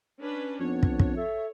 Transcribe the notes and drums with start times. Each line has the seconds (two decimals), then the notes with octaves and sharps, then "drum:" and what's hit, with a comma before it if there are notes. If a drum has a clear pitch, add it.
0.20 C#4 D4 B4
0.60 F2 B3 D4 C#5
0.83 drum: kick
0.99 drum: kick
1.16 A4 E5